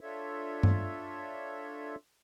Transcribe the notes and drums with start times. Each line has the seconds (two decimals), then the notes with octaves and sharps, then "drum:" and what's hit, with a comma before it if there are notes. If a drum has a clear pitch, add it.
0.01 D4 F4 A4 C#5 E5
0.63 drum: tom G2